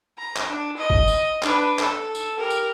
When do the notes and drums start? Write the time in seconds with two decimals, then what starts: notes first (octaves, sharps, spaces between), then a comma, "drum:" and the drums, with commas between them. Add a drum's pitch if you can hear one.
0.18 A#5
0.36 drum: clap
0.48 D4
0.77 D#5
0.90 drum: kick F#1
1.08 drum: tambourine
1.43 D4 B4, drum: clap
1.79 A4, drum: clap
2.15 drum: tambourine
2.38 G4 A#4
2.50 drum: tambourine